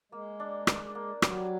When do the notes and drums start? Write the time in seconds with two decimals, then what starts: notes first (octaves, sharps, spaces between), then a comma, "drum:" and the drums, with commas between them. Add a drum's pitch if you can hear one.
0.12 G#3 A#3
0.40 D4
0.67 D4, drum: rim click
0.95 A#3
1.22 F#3 G3, drum: rim click